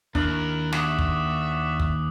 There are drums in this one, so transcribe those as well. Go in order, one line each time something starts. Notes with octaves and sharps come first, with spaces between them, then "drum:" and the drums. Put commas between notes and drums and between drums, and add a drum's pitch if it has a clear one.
D#2 D4 E4 A#4 F#6 F#7, drum: kick
F#4 D5 E5 D6 D#6, drum: snare
drum: kick
drum: kick